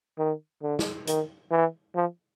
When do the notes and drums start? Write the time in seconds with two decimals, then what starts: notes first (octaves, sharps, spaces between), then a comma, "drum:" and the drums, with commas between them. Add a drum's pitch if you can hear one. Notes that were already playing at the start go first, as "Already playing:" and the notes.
0.18 D#3
0.63 D3
0.79 drum: snare
1.07 D#3, drum: hi-hat
1.51 E3
1.96 F3